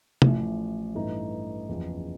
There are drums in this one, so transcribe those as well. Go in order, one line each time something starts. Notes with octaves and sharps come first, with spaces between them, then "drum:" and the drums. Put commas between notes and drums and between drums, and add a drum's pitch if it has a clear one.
A1 A2 F3, drum: tom C3
A1 G2 E3 A3 D#4
F#1 E2 C#3 F3